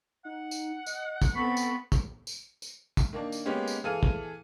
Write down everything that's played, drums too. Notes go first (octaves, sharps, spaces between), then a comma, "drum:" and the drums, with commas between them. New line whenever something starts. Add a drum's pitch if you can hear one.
D#4 F#5
drum: tambourine
D#5, drum: tambourine
drum: kick, tambourine
B3 C4 A4 B5 C#6
drum: tambourine
drum: kick, tambourine
drum: tambourine
drum: tambourine
drum: kick, tambourine
D#3 A#3 D4
drum: tambourine
G#3 A#3 B3 C#4 G4
drum: tambourine
E3 G#4 A4 F5 F6 D#7
drum: kick